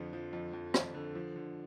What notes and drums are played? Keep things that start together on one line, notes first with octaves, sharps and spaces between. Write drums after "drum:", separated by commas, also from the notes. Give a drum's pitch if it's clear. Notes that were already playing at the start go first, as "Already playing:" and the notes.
Already playing: F2 D3 F3
F3
F2
F2
F2, drum: rim click
D3
F3
D3